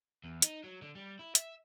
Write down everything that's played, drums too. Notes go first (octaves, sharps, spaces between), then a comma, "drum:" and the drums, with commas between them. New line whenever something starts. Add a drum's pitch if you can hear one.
E2
D#4, drum: hi-hat
F#3
D3
G3
E4
E5, drum: hi-hat